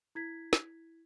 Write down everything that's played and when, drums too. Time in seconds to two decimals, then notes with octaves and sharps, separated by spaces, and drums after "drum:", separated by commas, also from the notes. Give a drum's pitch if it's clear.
0.15 E4 G#6 B6
0.53 drum: snare